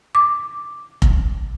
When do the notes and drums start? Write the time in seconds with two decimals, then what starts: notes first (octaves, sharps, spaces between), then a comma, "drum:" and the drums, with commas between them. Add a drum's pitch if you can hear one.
0.15 D6
1.02 drum: kick F1